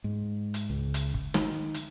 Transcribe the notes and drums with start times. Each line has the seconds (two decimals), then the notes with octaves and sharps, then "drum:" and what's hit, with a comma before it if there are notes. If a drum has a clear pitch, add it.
0.04 G#2
0.54 drum: hi-hat
0.70 C#2
0.94 drum: hi-hat
1.14 drum: kick
1.34 D#3, drum: snare
1.74 drum: hi-hat